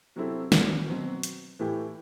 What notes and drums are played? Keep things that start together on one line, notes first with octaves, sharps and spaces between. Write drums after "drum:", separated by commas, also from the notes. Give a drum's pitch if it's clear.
C3 F#3 C4 E4 A4
drum: snare
B2 F#3 C4 F#4
drum: hi-hat
A2 E3 A3 E4 G4